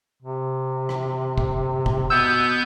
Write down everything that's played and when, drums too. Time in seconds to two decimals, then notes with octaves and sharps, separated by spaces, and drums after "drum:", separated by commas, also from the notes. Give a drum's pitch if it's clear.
0.22 C3
0.89 drum: rim click
1.38 drum: kick F1
1.86 drum: kick F1
2.10 B2 B3 E6 G6